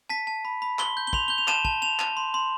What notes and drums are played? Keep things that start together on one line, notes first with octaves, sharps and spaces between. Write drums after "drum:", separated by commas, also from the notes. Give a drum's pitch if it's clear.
A5 B6
A5
B5
B5
C6 G7, drum: clap
G6
G7
C6 F7, drum: kick
G6 G7
F7
A5 E7, drum: clap
A5, drum: kick
A5 F7
A5, drum: clap
C6
C6